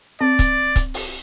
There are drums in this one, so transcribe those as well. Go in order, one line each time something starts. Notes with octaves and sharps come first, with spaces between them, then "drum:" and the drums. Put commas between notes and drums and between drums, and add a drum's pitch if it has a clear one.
C4 D5
drum: kick C#1, hi-hat
drum: kick C#1, hi-hat
drum: open hi-hat